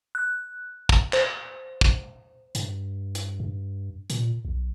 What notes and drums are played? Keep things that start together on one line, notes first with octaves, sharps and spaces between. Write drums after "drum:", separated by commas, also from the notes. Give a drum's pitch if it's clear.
F#6
drum: kick
C5, drum: clap
drum: kick
G2, drum: hi-hat
drum: hi-hat
G2
A#2, drum: hi-hat
B1